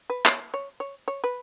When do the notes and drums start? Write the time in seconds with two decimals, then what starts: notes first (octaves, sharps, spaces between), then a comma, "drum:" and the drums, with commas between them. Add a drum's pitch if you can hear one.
0.10 B4
0.26 C#5, drum: clap
0.54 C#5
0.80 C#5
1.08 C#5
1.24 B4